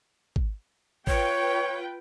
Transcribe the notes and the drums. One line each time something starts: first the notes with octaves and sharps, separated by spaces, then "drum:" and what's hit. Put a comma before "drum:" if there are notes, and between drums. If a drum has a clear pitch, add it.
drum: kick
F4 B4 C#5 G5, drum: kick